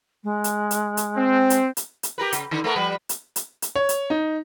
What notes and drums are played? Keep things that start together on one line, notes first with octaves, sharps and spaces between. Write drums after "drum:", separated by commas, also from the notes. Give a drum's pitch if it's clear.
G#3
drum: hi-hat
drum: hi-hat
drum: hi-hat
C4
drum: hi-hat
drum: hi-hat
drum: hi-hat
G4 A#4 B4
C#3, drum: hi-hat
D3 D#3
A3 B3 A#4
F3 G3 B4
drum: hi-hat
drum: hi-hat
drum: hi-hat
C#5
drum: hi-hat
D#4